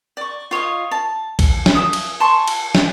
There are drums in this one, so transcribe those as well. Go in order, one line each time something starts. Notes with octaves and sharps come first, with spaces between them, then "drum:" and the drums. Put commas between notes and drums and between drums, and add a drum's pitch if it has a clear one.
D5 C#6
F4 C#5 D#5 F5
A5
drum: kick, cymbal
drum: snare
E5 D#6
drum: cymbal
A5 C6 C#6
drum: cymbal
drum: snare